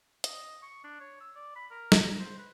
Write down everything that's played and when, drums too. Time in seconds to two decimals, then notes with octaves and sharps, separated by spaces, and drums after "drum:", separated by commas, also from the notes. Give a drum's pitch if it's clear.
0.24 D#5, drum: hi-hat
0.62 C#6
0.84 D4
1.00 C#5
1.21 E6
1.35 D5
1.56 B5
1.71 A#4
1.92 drum: snare
2.02 A#5
2.19 C5
2.38 B4